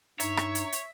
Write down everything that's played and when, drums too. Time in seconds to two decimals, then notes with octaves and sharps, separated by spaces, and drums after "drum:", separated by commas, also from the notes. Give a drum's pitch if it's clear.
0.20 G2 D#4 C#5 E5, drum: hi-hat
0.37 drum: rim click
0.55 drum: hi-hat
0.72 drum: hi-hat